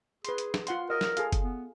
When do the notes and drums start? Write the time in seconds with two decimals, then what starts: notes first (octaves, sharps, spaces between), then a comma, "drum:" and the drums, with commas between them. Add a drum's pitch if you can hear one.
0.25 G#4 B4 C6, drum: hi-hat
0.38 drum: hi-hat
0.54 drum: snare
0.67 F4 F#5 C6, drum: hi-hat
0.90 A#4 D#5
1.01 drum: snare
1.17 G#4 A4 F5, drum: hi-hat
1.32 drum: kick F#1, hi-hat
1.41 B3